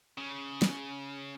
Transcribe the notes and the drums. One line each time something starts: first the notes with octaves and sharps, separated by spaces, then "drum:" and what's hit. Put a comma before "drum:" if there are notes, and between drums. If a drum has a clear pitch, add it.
C#3
drum: snare